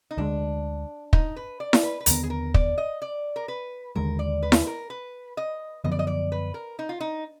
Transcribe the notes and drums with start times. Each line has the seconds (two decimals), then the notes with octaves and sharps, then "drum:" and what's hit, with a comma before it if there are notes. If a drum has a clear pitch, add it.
0.11 D#4
0.17 D2 D3 G#3 D4
1.13 D#4, drum: kick
1.36 B4
1.60 D5
1.73 drum: snare E4
1.83 B4
2.01 B4
2.06 D#2 D3 G#3 B3 A#4, drum: hi-hat
2.23 G#4
2.30 A#4
2.54 D5, drum: kick
2.78 D#5
3.02 D5
3.36 A#4
3.48 B4
3.95 D#2 D3 G#3 A#4
4.19 D5
4.43 B4
4.52 drum: snare E4
4.67 A#4
4.90 B4
5.37 D#5
5.84 F#2 D3 F3 B3 D#5
5.91 D5
5.99 D#5
6.07 D5
6.32 B4
6.54 A#4
6.79 D#4
6.89 F4
7.00 D#4